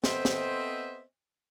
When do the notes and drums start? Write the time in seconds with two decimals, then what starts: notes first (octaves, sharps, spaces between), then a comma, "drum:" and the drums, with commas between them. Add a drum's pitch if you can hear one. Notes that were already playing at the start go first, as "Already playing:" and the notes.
0.04 B3 C4 A4 C5 D#5 E5, drum: snare
0.25 drum: snare